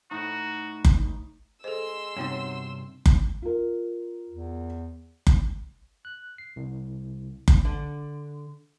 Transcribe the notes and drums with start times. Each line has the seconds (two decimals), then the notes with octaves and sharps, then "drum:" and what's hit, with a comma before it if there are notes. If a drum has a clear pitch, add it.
0.11 A2 D#4 F#4
0.85 drum: kick F#1
1.64 G#3 A4 C5 C6 E6
2.16 G2 C3 F#3 B3 D#4 C#5
3.06 drum: kick F#1
3.42 F4 A#4
4.29 E2
5.27 drum: kick F#1
6.05 F#6
6.38 C7
6.56 C2
7.48 drum: kick F#1
7.65 D3